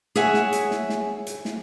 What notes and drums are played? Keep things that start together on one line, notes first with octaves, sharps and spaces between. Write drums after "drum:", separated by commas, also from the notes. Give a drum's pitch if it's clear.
G#4 C#5 E5 F#5 G#5, drum: snare
drum: snare
drum: hi-hat
drum: snare
drum: snare
drum: hi-hat
drum: snare